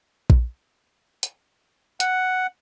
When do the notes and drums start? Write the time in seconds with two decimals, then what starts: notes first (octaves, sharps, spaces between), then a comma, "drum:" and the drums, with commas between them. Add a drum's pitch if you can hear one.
0.30 drum: kick A#1
1.23 drum: hi-hat
2.00 F#5, drum: hi-hat